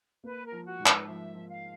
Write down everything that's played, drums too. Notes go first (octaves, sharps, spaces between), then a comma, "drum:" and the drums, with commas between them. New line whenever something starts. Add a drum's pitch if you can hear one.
A#3 B4
A#4
F3
F#4
G#2
B4, drum: clap
F3 E5
F3
F5